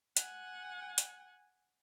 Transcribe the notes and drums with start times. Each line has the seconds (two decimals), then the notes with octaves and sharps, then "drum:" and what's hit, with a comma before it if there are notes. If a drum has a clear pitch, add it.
0.17 F#5 G#5, drum: hi-hat
0.98 drum: hi-hat